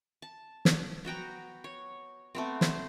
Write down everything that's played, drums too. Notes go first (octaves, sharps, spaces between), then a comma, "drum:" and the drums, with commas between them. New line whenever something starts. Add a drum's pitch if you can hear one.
A5
drum: snare
B3 F#4 G5 A#5
C#5
A3 B3 C4
C5, drum: snare